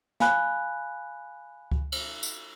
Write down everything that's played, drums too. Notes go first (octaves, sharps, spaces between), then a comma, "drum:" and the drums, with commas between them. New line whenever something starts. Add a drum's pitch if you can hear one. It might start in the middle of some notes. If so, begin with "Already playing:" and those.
F5 G#5 B5 F#6, drum: snare
drum: kick C#2
drum: cymbal
drum: tambourine